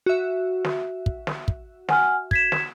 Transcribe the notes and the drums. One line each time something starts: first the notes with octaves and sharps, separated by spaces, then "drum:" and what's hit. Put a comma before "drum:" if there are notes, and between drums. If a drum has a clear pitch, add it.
F#4 E5
drum: snare
drum: kick
drum: snare
drum: kick
F#5 G#5 F6, drum: snare
G#6 B6 E7, drum: kick
drum: snare